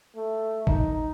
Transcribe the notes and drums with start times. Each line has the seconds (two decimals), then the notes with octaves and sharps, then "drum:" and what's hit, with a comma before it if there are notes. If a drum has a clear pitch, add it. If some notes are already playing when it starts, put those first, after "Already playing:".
0.16 A3
0.67 D#4, drum: kick